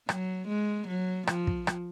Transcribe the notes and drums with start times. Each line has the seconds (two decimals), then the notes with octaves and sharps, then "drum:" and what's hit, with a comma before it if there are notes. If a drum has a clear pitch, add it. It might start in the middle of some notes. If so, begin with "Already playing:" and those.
0.09 F#3, drum: rim click
0.48 G#3
0.88 F#3
1.27 F3, drum: rim click
1.47 drum: kick
1.67 drum: rim click